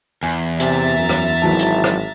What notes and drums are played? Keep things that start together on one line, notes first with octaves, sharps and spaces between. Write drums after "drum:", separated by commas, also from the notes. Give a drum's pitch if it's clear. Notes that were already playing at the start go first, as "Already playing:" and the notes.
E2 G#5
C3 E5 A#5 A6, drum: hi-hat
F#2
drum: rim click
G#1 E3 F#3 A5
drum: hi-hat
drum: rim click